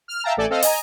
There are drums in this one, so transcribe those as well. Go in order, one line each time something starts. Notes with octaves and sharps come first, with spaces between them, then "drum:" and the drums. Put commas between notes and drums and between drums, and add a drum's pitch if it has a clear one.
F6
E5 F5 G5 A5 A#5
A1 A3 A4 D5 G#5
C4 A4 D#5 F5
D#5 G#5 A#5, drum: open hi-hat